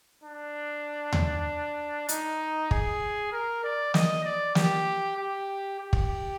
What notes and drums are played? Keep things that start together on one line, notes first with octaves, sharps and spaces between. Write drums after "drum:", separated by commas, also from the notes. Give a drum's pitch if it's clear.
D4
drum: tom D#2
D#4, drum: hi-hat
G#4, drum: kick
A#4
D5
D#5, drum: snare
D5
G4, drum: snare
G4
G4
drum: kick